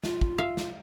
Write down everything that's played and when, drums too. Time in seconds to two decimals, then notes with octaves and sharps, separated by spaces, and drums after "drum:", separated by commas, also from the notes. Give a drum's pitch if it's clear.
0.04 F4, drum: snare
0.21 drum: kick
0.38 E5 F5
0.57 drum: snare